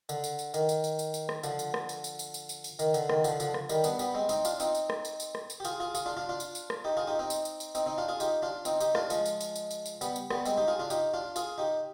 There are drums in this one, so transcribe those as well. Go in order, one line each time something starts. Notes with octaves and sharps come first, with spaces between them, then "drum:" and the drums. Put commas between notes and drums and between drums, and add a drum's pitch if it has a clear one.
D3, drum: tambourine
drum: tambourine
drum: tambourine
D#3, drum: tambourine
drum: tambourine
drum: tambourine
drum: tambourine
drum: tambourine
drum: rim click
D3 F3, drum: tambourine
drum: tambourine
drum: rim click
drum: tambourine
drum: tambourine
drum: tambourine
drum: tambourine
drum: tambourine
drum: tambourine
D#3, drum: tambourine
D3, drum: tambourine
D#3, drum: rim click
D3 F3, drum: tambourine
D3 F3, drum: tambourine
drum: rim click
D#3 G3, drum: tambourine
B3 D4, drum: tambourine
G3 B3, drum: tambourine
G#3 C4
C4 D#4, drum: tambourine
D4 F4, drum: tambourine
C4 D#4, drum: tambourine
drum: tambourine
drum: rim click
drum: tambourine
drum: tambourine
drum: rim click
drum: tambourine
G4
F4 G#4, drum: tambourine
F4 G#4
F4 G#4, drum: tambourine
D4 F4
D4 F4
D4 F4
drum: tambourine
drum: tambourine
drum: rim click
D#4 G4
F4 G#4
D#4 G4
C4 D#4
drum: tambourine
drum: tambourine
drum: tambourine
C4 D#4, drum: tambourine
C4 D#4
D4 F4
F4 G#4
D#4 G4, drum: tambourine
D4 F4
C4 D#4, drum: tambourine
D#4 G4, drum: tambourine
D4 F4, drum: rim click
F3 G#3, drum: tambourine
drum: tambourine
drum: tambourine
drum: tambourine
drum: tambourine
drum: tambourine
G3 B3, drum: tambourine
drum: tambourine
G3 B3, drum: rim click
G#3 C4, drum: tambourine
D#4 G4
F4 G#4
D4 F4
D#4 G4, drum: tambourine
D4 F4
F4 G#4, drum: tambourine
D#4 G4